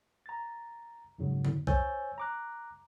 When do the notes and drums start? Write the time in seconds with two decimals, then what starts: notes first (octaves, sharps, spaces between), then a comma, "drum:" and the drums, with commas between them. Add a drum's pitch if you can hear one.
0.26 A#5 A6
1.18 F2 G#2 C#3 F#3
1.45 drum: tom D3
1.67 C5 C#5 G#5 E6 G6 A6, drum: kick
2.18 A#5 D6 F#6